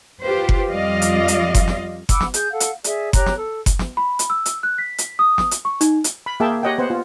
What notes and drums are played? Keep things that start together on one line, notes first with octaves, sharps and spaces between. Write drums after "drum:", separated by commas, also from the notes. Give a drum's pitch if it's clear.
F4 G4 B4 C5
drum: kick F#1
F2 G3 F4 D5 D#5 F5
drum: hi-hat
drum: hi-hat
drum: kick F#1, hi-hat
drum: snare
F#5 B5 D6 E6, drum: kick F#1, hi-hat
drum: snare
G#4 G6, drum: hi-hat
A4 F5 F#5
drum: hi-hat
G#4 D5 E5, drum: hi-hat
G4 C#5 A#5 F#6, drum: kick F#1, hi-hat
drum: snare
A4
drum: kick F#1, hi-hat
drum: snare
B5
drum: hi-hat
E6
drum: hi-hat
F#6
B6
drum: hi-hat
D#6
drum: snare
drum: hi-hat
C#6
D#4, drum: hi-hat
drum: hi-hat
B5
A#3 G#4 E5 G5 A5
G4 C#5 D#5 F#5 G5
B3 C5 F#5
F4